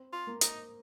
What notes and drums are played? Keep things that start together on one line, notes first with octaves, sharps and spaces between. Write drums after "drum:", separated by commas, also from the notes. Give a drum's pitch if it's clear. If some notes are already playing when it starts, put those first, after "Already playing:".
Already playing: C4
F4
A#3
D#4, drum: hi-hat